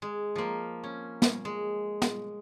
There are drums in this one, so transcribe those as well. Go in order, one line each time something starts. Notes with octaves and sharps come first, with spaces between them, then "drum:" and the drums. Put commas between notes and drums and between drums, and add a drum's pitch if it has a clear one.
G#3
F3 A#3
C#4
drum: snare
G#3
drum: snare